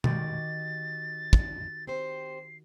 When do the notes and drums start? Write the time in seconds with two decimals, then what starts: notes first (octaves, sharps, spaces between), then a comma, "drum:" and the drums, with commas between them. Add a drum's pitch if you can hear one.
0.04 D#3 F#4 G4 A6, drum: tom B2
1.33 drum: kick
1.87 C4 G4 C5 C7